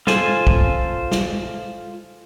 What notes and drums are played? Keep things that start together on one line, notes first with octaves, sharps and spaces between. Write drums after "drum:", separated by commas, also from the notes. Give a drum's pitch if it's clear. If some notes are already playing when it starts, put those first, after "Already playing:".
F4 A4 C5 G#5, drum: snare
drum: kick
drum: snare